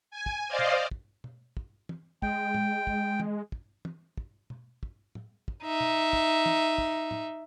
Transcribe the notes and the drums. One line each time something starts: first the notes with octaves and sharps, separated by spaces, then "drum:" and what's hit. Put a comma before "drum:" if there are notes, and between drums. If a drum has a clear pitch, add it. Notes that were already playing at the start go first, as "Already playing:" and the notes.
G#5
drum: kick
C5 D5 D#5 F5
drum: tom
drum: kick
drum: tom
drum: kick
drum: tom
G#3 G5, drum: kick
drum: tom
drum: kick
drum: tom
drum: kick
drum: tom
drum: kick
drum: tom
drum: kick
drum: tom
drum: kick
D#4 E5
drum: tom
drum: kick
drum: tom
drum: kick
drum: tom